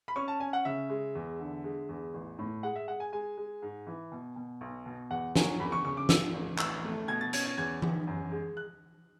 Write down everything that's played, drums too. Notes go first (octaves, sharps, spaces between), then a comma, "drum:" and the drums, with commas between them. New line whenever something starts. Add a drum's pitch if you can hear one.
B5
C#4 C#6
A5
C#4 G#5
F#5
C#3 E5
G#3
E2
D3
G#3
E2
A1
A2
G#3 F#5
E5
G#3 F#5
G#5
G#3 G#5
G#3
G#2
E3
B2
B2
B1
B2
E2 F#5
F#3 G#5, drum: snare
E2 B5
C#6
C#3 C#6
D6
G#2 E6, drum: snare
A1
A1 E6, drum: clap
A3
B2 G#6
A6
C#4 G#6, drum: hi-hat
G#6
E2 G#6
E2, drum: tom E3
F#2
G#3
F#6